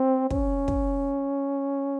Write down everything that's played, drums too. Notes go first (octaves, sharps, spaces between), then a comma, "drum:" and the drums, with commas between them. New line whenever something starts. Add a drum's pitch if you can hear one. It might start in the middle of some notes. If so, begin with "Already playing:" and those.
Already playing: C4
C#4, drum: kick
drum: kick